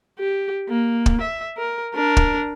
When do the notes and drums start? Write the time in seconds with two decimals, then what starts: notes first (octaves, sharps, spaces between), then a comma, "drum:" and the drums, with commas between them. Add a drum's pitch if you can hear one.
0.19 G4
0.69 A#3
1.06 drum: kick
1.21 E5
1.58 A#4
1.95 D4 A#4
2.17 drum: kick